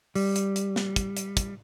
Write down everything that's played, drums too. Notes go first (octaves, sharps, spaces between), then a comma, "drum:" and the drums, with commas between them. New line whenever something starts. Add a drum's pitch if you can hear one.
G3, drum: open hi-hat
drum: hi-hat
drum: hi-hat
drum: snare
drum: kick, hi-hat
drum: hi-hat
drum: kick, hi-hat